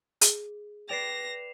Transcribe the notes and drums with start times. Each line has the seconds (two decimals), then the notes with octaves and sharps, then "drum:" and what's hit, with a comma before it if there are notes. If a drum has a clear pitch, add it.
0.21 G#4, drum: hi-hat
0.89 B4 D5 G5 A#6 C7 E7 F7